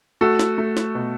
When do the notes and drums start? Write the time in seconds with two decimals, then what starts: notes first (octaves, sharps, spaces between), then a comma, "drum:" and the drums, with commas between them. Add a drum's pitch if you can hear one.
0.21 A3 F#4 A4
0.39 drum: snare
0.58 A3
0.77 drum: snare
0.95 B2